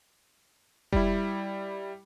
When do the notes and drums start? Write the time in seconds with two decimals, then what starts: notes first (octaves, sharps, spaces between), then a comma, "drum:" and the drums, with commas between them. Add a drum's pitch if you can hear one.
0.92 G3 E4, drum: kick F1